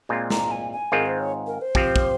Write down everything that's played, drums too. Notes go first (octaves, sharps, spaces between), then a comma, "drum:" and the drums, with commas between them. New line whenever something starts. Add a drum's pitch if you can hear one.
A#2 G#3 C4 F4
A#5, drum: snare
G#5
G#5
G#2 D#3 G#3 C4 F4 A#4
C5
C#5
A#4
C5
F3 C4 G4, drum: kick
drum: kick